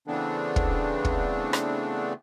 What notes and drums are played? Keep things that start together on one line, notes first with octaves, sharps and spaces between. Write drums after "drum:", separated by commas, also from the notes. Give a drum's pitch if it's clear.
C#3 E3 A3 B3 C4 D4
drum: kick
drum: kick
drum: rim click